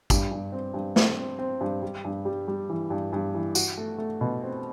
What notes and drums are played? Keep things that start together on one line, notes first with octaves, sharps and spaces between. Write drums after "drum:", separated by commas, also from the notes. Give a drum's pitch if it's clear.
G2, drum: kick, tambourine
G2
C4
G2
C4, drum: snare
C4
C4
G2
G3
G2
G3
G3
E3
G2
G2
E3
F#4, drum: tambourine
A3
A3
B2
C4